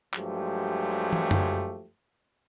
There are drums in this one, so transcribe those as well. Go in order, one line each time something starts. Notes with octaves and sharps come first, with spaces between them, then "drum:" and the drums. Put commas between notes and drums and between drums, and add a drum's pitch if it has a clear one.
G2 F3 F#3 G#3 A3 G4, drum: clap
drum: tom
drum: tom F#2